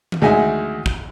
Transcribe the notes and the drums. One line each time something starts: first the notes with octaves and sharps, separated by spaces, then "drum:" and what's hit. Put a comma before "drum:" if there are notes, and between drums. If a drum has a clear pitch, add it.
drum: tom D#3
D2 G#3 D#4 E5 F#5 G#5
drum: kick